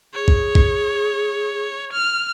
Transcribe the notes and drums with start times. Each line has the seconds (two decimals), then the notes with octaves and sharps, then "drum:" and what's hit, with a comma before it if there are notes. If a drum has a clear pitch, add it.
0.14 G#4 C#5
0.28 drum: kick
0.55 drum: kick
1.93 F6